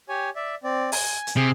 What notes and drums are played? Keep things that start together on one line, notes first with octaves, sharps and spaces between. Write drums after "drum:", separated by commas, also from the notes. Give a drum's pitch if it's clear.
G4 C#5 G#5
D5 E5
C4 D5
G#5, drum: open hi-hat
drum: hi-hat
C3 G#4